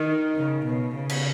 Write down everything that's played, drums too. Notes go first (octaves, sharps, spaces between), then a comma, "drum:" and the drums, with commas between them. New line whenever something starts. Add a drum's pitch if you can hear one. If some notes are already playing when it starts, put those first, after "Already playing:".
Already playing: D#3
C#3
B2
C#3
drum: cymbal